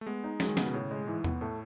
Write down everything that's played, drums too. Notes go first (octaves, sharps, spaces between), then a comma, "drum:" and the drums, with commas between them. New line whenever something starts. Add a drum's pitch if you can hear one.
A3
G#3 B3
D#4
F#3 G#3, drum: snare
D#3
C#3 B3, drum: snare
B2
A2 C#3
G#3
G#2 E3
B3, drum: tom E2
A2 A3